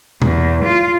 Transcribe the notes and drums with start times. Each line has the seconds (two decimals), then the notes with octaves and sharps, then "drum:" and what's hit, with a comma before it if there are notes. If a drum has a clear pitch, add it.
0.22 E2, drum: tom B2
0.65 F4